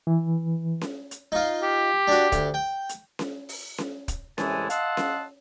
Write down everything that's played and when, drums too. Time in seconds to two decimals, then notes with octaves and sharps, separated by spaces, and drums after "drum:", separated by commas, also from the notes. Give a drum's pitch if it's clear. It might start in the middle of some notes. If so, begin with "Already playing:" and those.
0.07 E3
0.81 drum: snare C#4
1.11 drum: hi-hat
1.32 D#4 F4
1.63 G4
2.07 D4 F#4
2.32 D2, drum: kick, hi-hat
2.54 G5
2.89 drum: hi-hat
3.19 drum: snare C#4
3.49 drum: open hi-hat
3.78 drum: snare C#4
4.08 drum: kick, hi-hat
4.38 C2 A2 E3 G#3 G#5 A5, drum: snare C#4
4.70 D#5 F5 F#5 A5 C6 E6, drum: hi-hat
4.97 drum: snare C#4